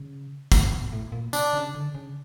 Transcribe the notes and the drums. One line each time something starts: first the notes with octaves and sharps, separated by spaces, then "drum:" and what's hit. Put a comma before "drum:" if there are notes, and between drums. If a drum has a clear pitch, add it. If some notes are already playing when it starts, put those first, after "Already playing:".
Already playing: C#3
C3, drum: kick, tambourine
C3
B2
A2
A#2
C3 D4, drum: tambourine
C#3
D3
C#3